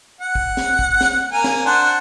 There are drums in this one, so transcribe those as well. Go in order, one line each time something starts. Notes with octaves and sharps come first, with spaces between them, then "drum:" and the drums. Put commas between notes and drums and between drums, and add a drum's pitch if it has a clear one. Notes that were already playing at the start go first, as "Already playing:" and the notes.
F#5
drum: kick
drum: snare
drum: kick
drum: snare
A#3 G#5
drum: snare
D4 C5 F#5